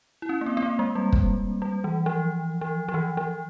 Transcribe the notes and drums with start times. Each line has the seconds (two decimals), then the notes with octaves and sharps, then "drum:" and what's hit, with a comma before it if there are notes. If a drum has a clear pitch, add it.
0.22 E4
0.29 C#4
0.41 A#3
0.46 C4
0.57 C4
0.62 A#3
0.79 G#3
0.95 G3
1.13 drum: kick
1.62 G3
1.84 E3
2.06 F3
2.61 F3
2.88 F3
2.94 E3
3.17 F3